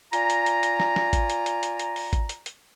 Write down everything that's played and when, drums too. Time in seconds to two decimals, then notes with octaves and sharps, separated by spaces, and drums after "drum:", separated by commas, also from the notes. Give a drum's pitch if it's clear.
0.13 F4 D5 G#5 A#5, drum: hi-hat
0.30 drum: hi-hat
0.46 drum: hi-hat
0.63 drum: hi-hat
0.80 drum: snare
0.96 drum: snare
1.13 drum: kick G#1, hi-hat
1.30 drum: hi-hat
1.46 drum: hi-hat
1.63 drum: hi-hat
1.79 drum: hi-hat
1.96 drum: open hi-hat
2.13 drum: kick G#1, hi-hat
2.29 drum: hi-hat
2.46 drum: hi-hat